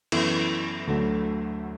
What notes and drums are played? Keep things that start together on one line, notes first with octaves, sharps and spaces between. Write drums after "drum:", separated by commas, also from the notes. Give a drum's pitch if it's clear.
F#2 E3 B3 E4 A4, drum: cymbal
D2 D3 F#3 A3